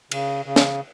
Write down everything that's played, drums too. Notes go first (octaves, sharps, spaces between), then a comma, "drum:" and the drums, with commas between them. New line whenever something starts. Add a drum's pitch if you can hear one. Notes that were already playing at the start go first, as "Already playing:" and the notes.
C#3, drum: cymbal
C#3
drum: snare